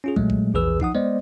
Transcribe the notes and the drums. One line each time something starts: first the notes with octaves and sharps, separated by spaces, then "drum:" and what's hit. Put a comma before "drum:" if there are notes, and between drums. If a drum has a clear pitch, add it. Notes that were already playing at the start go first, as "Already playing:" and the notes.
C#4 F4 G#4
A#2 F#3 G#3 A3, drum: kick
drum: kick
A#1 E2 E3 G#4 B4 E6
F3 D#4 F#5 D#6, drum: kick
G#3 B3 C5 D5 D#5